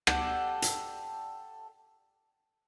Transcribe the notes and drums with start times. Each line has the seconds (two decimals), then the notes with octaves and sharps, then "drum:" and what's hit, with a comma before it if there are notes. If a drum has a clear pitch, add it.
0.07 G4 A4 D5 F#5, drum: rim click
0.62 drum: hi-hat